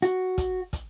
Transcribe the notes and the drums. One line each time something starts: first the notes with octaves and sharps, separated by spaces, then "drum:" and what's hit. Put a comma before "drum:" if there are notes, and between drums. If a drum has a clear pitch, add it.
F#4, drum: hi-hat
drum: kick, hi-hat
drum: kick, hi-hat